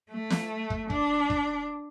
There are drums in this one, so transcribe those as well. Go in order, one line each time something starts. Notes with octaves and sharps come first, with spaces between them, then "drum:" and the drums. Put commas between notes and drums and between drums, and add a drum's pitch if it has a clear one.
A3
drum: snare
drum: kick
D4, drum: kick
drum: kick